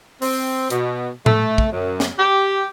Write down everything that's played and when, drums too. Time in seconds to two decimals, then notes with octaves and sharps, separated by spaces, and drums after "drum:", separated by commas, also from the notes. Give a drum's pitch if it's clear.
0.22 C4, drum: open hi-hat
0.70 B2, drum: hi-hat
1.26 A3, drum: tom A2
1.58 drum: kick
1.72 F#2
2.00 drum: snare
2.18 G4